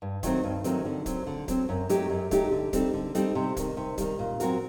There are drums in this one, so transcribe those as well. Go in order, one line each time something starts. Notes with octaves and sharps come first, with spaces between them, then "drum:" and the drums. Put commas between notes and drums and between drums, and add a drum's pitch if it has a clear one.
G2
D#3 F#3 A3 C4, drum: kick C#1, hi-hat
G2
D#3 F#3 A3 C4, drum: hi-hat
D3
F#3 C4, drum: kick C#1, hi-hat
D3
F#3 C4, drum: kick C#1, hi-hat
F#2
F#3 A3 D#4 G4, drum: hi-hat
F#2
F#3 A3 D#4 G4, drum: kick C#1, hi-hat
D3
G3 C4 D#4 A4, drum: kick C#1, hi-hat
D3
G3 C4 D#4 A4, drum: hi-hat
C3
D#3 G3, drum: kick C#1, hi-hat
C3
D#3 G3, drum: kick C#1, hi-hat
A#2
F#3 C4 F#4 A#4, drum: hi-hat